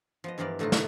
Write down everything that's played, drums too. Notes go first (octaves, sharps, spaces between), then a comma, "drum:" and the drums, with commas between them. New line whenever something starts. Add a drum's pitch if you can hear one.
F3 B3 D#5
G2 E3 F3 B3 A#4 D5
A2 D3 A3 D4 D#4 F4
A3, drum: snare